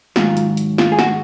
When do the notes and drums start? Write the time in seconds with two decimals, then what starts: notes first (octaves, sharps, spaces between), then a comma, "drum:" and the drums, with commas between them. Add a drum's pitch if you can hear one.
0.16 G#2 D#3 F#3 F4, drum: snare
0.37 drum: hi-hat
0.57 drum: hi-hat
0.78 F4, drum: snare
0.92 G#4
0.99 F#4, drum: snare